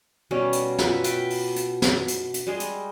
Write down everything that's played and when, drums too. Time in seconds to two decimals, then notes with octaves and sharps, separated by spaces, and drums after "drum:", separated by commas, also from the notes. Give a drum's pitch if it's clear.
0.31 B2 G3 C#4
0.52 drum: hi-hat
0.78 F4 B4 E5 F#5, drum: snare
1.04 B4 G5, drum: hi-hat
1.30 drum: open hi-hat
1.56 drum: hi-hat
1.82 drum: snare
2.08 drum: hi-hat
2.34 drum: hi-hat
2.47 G3 G#3 G#4
2.60 drum: hi-hat